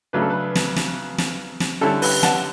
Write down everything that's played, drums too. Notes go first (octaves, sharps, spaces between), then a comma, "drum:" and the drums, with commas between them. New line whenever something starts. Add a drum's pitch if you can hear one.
C#3 F#3 A3 D4 B4
A4
B4
drum: snare
drum: snare
drum: snare
drum: snare
D3 G3 C#4 E4 A4
B4, drum: open hi-hat
F#5 A5, drum: snare